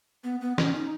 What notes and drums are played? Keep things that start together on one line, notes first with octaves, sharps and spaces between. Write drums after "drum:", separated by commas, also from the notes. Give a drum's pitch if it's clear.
B3
B3
C#4, drum: snare
D#4